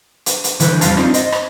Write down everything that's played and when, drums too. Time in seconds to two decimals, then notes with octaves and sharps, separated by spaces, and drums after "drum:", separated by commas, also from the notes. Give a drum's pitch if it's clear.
0.26 drum: hi-hat
0.44 drum: hi-hat
0.60 D3 E3 E4 G4 B4 C5, drum: hi-hat
0.81 F2 G#2 G3 F5 A5, drum: hi-hat
0.97 C4 D4 D#4 F4, drum: rim click
1.14 C5 D#5, drum: hi-hat
1.32 drum: rim click